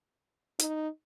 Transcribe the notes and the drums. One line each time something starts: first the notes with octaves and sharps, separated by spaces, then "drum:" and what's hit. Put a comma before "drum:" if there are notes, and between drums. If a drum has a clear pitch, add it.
D#4, drum: hi-hat